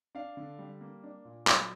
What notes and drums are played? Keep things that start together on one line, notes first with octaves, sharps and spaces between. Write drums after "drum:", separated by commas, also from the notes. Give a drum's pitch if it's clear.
D4 F5
D3
G3
A#3
D4
A#2
F#3, drum: clap